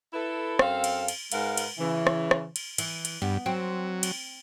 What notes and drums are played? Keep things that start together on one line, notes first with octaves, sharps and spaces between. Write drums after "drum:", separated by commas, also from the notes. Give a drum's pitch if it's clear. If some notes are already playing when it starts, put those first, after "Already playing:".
E4 A4 B4
F#2 C4 A4 F5, drum: rim click
drum: cymbal
drum: cymbal
G#2 G#3 A#4 B4 F5 F#5, drum: cymbal
drum: cymbal
C#3 E3
drum: rim click
drum: rim click
drum: cymbal
E3, drum: cymbal
drum: cymbal
G2 B3
F#3 C4
drum: cymbal